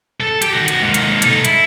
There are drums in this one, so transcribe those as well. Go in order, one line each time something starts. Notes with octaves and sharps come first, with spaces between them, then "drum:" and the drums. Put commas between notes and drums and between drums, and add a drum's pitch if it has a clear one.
A4
G4 G5, drum: hi-hat
D#3 F#4
drum: hi-hat
G#2 A#3
drum: hi-hat
D#4 A4, drum: hi-hat
E4, drum: hi-hat